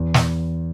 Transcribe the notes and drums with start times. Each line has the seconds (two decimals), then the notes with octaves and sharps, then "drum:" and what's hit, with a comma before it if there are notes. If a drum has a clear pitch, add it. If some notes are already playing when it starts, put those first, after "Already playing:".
Already playing: E2
0.14 drum: snare